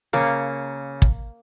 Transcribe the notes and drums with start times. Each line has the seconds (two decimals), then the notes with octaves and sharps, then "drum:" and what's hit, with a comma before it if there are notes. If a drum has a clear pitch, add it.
0.13 C#3 A#3 C#6
1.02 drum: kick